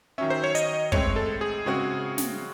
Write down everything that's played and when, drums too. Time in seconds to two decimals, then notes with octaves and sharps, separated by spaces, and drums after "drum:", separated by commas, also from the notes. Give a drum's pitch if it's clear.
0.18 D#3 F#3 C#4 E5
0.30 C5
0.44 C#5
0.55 D#5, drum: hi-hat
0.92 A2 G#3 C4 C#5, drum: kick
1.16 A4
1.41 G#4
1.66 C#3 G#3 C4 F#4
2.18 drum: snare